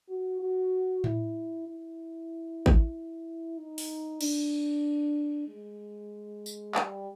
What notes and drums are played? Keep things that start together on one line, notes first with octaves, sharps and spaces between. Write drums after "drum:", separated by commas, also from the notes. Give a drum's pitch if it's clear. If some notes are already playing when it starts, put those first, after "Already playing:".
F#4
F#4
E4, drum: tom A2
E4
drum: kick G#1
D#4
drum: open hi-hat
D4, drum: cymbal
G#3
drum: tambourine
G3, drum: clap